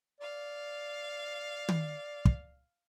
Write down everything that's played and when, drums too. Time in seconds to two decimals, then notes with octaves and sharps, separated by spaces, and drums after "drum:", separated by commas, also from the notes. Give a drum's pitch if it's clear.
0.21 D5 F5
1.69 drum: tom
2.25 drum: kick